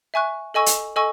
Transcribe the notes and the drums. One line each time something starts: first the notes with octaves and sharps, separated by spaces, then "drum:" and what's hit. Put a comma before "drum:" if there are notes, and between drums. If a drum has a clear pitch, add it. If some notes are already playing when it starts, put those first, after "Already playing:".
E5 G#5 C#6 F#6
A4 D#5 G#5 C#6 E6
drum: hi-hat
A4 D#5 G#5 C#6 E6